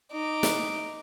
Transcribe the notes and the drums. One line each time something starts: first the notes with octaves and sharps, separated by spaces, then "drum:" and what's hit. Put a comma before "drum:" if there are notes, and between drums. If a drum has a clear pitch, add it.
D#4 D6
drum: snare